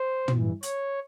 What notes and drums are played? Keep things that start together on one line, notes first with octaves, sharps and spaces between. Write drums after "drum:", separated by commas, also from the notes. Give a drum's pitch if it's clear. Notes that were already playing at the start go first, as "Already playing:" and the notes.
Already playing: C5
G2 E3, drum: tom
C#5, drum: hi-hat